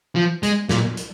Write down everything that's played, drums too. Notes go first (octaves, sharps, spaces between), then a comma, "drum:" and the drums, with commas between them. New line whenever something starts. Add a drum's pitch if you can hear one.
F3
G#3, drum: hi-hat
A#2, drum: snare
drum: hi-hat